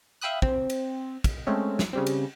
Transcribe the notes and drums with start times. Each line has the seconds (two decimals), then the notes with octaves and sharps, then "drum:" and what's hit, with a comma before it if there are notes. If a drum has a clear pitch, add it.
0.21 E5 F5 G5 B5 D#6 F#6
0.42 C4, drum: kick
0.70 drum: cymbal
1.24 drum: kick, cymbal
1.47 G#3 A3 C4 C#4
1.79 drum: snare
1.93 C#3 G3 C4
2.07 drum: cymbal